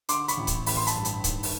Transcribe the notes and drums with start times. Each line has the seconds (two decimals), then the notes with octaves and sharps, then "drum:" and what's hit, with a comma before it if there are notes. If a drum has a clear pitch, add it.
0.09 D3 C6 D6, drum: hi-hat
0.28 B5 C#6, drum: hi-hat
0.37 A1
0.47 drum: kick C#1, hi-hat
0.66 A1 B5, drum: open hi-hat
0.77 C6
0.87 A5 B5, drum: hi-hat
0.95 G2
1.05 drum: hi-hat
1.24 D#3, drum: kick C#1, hi-hat
1.43 drum: open hi-hat